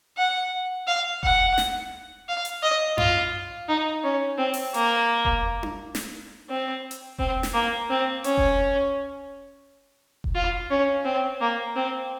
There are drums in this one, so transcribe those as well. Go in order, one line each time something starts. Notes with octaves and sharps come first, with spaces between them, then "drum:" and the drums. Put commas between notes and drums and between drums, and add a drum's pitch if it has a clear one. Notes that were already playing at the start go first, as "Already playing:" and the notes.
F#5
F5
F#5, drum: kick F1
drum: snare
F5
drum: hi-hat
D#5
F4, drum: tom F#2
D#4
C#4
C4
drum: open hi-hat
A#3, drum: hi-hat
drum: kick F1
drum: tom D4
drum: snare
C4
drum: hi-hat
C4, drum: kick F1
drum: snare
A#3
C4
C#4, drum: hi-hat
drum: kick F1
drum: kick F1
F4
C#4
C4
A#3
C4